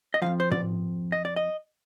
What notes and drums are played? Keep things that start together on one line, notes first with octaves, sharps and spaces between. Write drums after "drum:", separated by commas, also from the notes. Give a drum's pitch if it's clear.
D#5
F2 C3 F3 F5
C5
D5, drum: tom
D#5
D5
D#5